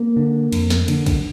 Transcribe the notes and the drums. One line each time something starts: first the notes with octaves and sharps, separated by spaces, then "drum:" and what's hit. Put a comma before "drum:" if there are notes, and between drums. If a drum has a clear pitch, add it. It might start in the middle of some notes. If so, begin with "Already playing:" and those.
Already playing: A#3
D3
F2, drum: cymbal
drum: snare
D3, drum: cymbal
drum: kick, cymbal